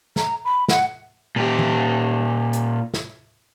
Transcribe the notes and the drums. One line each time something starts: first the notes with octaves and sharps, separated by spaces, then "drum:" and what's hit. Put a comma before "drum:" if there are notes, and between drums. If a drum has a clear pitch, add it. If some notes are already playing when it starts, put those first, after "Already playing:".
A#5, drum: snare
B5
F#5, drum: snare
A#2 G4
drum: tom E3
drum: hi-hat
drum: snare